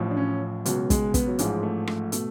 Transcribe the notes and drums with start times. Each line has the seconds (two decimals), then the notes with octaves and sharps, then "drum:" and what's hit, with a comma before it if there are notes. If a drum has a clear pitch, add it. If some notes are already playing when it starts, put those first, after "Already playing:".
Already playing: A1 A2 F3
0.11 D4
0.17 C#4
0.66 C#2 B2 F#3, drum: hi-hat
0.90 G#3, drum: kick, hi-hat
1.14 B3, drum: kick, hi-hat
1.27 F#3
1.39 A1 G#2 F3 G#3, drum: hi-hat
1.63 A3
1.87 A3, drum: rim click
2.12 B2 A3, drum: hi-hat